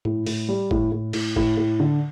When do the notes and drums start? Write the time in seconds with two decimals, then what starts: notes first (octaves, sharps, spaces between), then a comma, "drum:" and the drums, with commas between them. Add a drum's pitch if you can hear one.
0.05 A2, drum: tom G#2
0.26 A2, drum: open hi-hat
0.49 G3
0.71 A2, drum: kick
0.92 A2
1.13 A2, drum: cymbal
1.36 A2, drum: kick
1.57 A2
1.80 D3